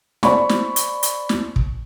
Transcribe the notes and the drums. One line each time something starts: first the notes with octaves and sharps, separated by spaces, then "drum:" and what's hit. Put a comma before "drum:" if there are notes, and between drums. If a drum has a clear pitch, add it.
C5 D5 B5 C#6, drum: snare
drum: snare
drum: hi-hat
drum: hi-hat
drum: snare
drum: kick